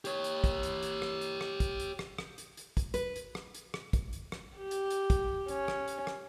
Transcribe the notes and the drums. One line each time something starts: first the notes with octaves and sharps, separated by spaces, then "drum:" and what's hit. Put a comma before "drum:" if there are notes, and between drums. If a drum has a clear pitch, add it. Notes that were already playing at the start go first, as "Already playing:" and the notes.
G4 C#5, drum: hi-hat
drum: hi-hat
drum: kick, hi-hat
drum: hi-hat
drum: hi-hat
drum: rim click
drum: hi-hat
drum: rim click
drum: kick, hi-hat
drum: hi-hat
drum: rim click
drum: rim click
drum: hi-hat
drum: hi-hat
drum: kick, hi-hat
B4, drum: hi-hat
drum: hi-hat
drum: rim click
drum: hi-hat
drum: rim click
drum: kick, hi-hat
drum: hi-hat
drum: rim click
G4
drum: hi-hat
drum: hi-hat
drum: kick, hi-hat
C#4, drum: hi-hat
drum: rim click
drum: hi-hat
drum: rim click